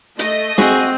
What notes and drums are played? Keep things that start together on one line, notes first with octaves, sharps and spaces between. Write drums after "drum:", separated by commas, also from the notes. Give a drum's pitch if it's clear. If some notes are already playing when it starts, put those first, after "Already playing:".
A3 D#5, drum: hi-hat
C4 F#4 G#4, drum: snare